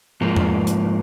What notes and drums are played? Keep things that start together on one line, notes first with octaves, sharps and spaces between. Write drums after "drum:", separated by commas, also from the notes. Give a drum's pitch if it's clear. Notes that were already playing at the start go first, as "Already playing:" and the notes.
G#2 F3 A#3
drum: tom E2
drum: hi-hat